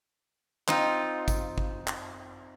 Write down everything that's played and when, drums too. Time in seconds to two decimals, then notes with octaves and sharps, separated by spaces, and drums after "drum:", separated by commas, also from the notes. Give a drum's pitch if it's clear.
0.68 C4 D#4 F4, drum: clap
1.28 drum: kick, tambourine
1.58 drum: kick
1.87 drum: clap